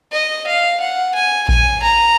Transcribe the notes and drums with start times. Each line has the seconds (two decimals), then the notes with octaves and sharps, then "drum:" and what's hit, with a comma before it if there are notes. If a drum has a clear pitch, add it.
0.12 D#5
0.47 F5
0.80 F#5
1.15 G#5
1.48 G#5, drum: kick A1
1.83 A#5